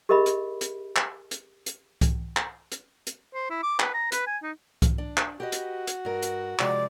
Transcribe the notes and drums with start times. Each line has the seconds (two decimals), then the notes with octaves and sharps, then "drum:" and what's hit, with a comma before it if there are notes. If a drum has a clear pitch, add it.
0.09 G4 G#4 A#4 D#5 E5 B5
0.26 drum: hi-hat
0.61 drum: hi-hat
0.96 drum: clap
1.31 drum: hi-hat
1.66 drum: hi-hat
2.01 drum: kick C2, hi-hat
2.36 drum: clap
2.72 drum: hi-hat
3.07 drum: hi-hat
3.34 C5
3.50 E4
3.63 D6
3.80 B4, drum: clap
3.94 A#5
4.12 B4, drum: hi-hat
4.27 G#5
4.43 D#4
4.82 drum: kick C2, hi-hat
4.98 D4
5.17 drum: clap
5.40 F#4 G4 B4 D#5
5.52 drum: hi-hat
5.87 drum: hi-hat
6.05 G2 A#4
6.22 drum: hi-hat
6.59 C3 F3 G#3 D5, drum: clap